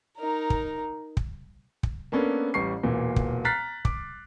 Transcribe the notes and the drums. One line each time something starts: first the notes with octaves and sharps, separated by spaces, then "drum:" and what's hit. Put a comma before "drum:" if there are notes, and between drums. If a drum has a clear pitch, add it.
D#4 A#4
drum: kick
drum: kick
drum: kick
A#3 B3 C#4 D4 A4 B4
A1 G3 C#6 C7
E1 A#2 E3
drum: kick
A#5 F6 F#6 A6 B6 C7
D6, drum: kick